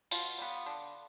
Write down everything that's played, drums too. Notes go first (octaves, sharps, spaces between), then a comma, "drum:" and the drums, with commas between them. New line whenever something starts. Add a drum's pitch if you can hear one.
B2 F4, drum: tambourine
G3 B3
D3